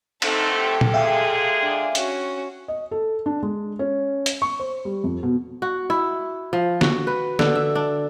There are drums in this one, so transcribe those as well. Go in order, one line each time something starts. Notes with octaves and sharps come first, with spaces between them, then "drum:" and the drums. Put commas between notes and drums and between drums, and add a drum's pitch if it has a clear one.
A3 C4 D#4 A4, drum: cymbal
G4 A4
drum: tom A#2
A#2 G#3 G#4 E5 F5 G5
D4
C#4 F#4, drum: hi-hat
D#5
A4
D4
G#3
C#4
drum: hi-hat
C#6
C5
G3
F2
B2
F#4
E4
F3
F#4, drum: snare
B4
D3, drum: snare
E5
D4